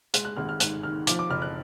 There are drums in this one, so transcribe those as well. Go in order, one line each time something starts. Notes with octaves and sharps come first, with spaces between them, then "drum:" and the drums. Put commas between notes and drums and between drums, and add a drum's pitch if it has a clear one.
G#3 F#6, drum: hi-hat
F#6
G#1 F6
F6
G#2 F#6, drum: hi-hat
D#3 F6
F3 D6, drum: hi-hat
D6
F#1 F6
F#6